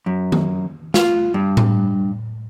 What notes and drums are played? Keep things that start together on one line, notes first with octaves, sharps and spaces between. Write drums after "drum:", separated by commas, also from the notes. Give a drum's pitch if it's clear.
F#2
drum: tom D#3
F4, drum: snare
G2
drum: tom A2